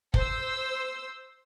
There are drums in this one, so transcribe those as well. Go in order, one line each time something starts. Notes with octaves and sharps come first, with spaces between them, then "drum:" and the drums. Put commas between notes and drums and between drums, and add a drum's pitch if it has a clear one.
C5 E6, drum: kick